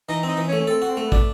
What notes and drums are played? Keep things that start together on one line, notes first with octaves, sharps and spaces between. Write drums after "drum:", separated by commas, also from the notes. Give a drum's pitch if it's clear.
E3 D#4
C4 D#4
E3
C#4
A3
C#4
C4 A4
F#4
C4
A3
B3
D4, drum: kick